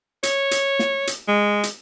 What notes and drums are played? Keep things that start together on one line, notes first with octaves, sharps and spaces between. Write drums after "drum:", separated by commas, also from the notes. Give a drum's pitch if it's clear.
C#5, drum: hi-hat
drum: hi-hat
drum: snare
drum: hi-hat
G#3
drum: hi-hat